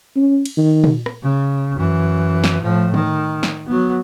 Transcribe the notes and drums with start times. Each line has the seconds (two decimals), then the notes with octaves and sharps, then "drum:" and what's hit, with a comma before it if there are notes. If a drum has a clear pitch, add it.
0.16 C#4
0.45 drum: cymbal
0.57 D#3
0.84 drum: tom
1.06 drum: rim click
1.23 C#3
1.76 F#2 E3
2.44 drum: snare
2.62 A2 F3
2.94 D#3, drum: tom
3.43 drum: snare
3.67 F#3 B3